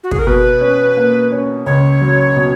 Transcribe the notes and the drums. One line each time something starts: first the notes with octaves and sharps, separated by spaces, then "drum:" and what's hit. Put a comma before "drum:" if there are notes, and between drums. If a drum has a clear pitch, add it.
F#4
G#4, drum: kick
A#4
B2 B4
C#4
A#3
C#4
C#2 C#5
F#3
B2